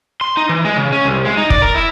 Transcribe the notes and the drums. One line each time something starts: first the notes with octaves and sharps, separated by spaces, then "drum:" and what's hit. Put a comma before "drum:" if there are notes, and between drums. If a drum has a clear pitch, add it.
C6
D#4
E3
G#3
C#3
C#4
C2
G#3
D#4
D5, drum: kick
A#4
E4